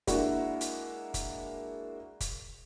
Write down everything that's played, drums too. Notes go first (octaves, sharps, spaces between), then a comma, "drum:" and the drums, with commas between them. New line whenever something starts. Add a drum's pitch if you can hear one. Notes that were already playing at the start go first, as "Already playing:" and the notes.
G#3 A#3 D4 E4 F#4, drum: kick, hi-hat
drum: hi-hat
drum: kick, hi-hat
drum: kick, hi-hat